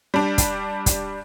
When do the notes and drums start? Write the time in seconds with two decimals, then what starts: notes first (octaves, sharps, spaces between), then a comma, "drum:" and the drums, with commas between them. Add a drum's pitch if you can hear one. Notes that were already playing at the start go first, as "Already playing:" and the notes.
0.14 G3 D4
0.38 drum: kick, hi-hat
0.86 drum: kick, hi-hat